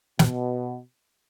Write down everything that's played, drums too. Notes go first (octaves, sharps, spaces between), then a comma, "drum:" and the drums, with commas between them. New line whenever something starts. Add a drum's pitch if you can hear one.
B2, drum: snare